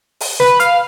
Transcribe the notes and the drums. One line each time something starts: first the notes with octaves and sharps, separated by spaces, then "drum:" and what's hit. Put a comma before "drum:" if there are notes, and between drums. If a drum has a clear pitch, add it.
drum: open hi-hat
B4, drum: snare
F5, drum: hi-hat